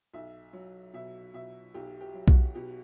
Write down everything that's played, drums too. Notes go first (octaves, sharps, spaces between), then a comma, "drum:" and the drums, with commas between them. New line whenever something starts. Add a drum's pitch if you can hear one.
B1 E5
F#3
B2 E5
B2 E5
B1 G4
G4
F#3
F#4, drum: kick B1
B2 G4